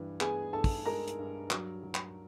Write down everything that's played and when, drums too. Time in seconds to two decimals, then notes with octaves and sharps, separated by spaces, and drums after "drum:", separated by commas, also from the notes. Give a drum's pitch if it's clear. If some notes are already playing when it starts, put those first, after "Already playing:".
Already playing: G2 E3
0.21 B3 G#4 G#5, drum: clap
0.53 G2 A4 A5
0.64 drum: kick, open hi-hat
0.86 G#3 A#4 A#5
1.08 drum: hi-hat
1.19 G2
1.50 F#3, drum: clap
1.83 F#3
1.95 drum: clap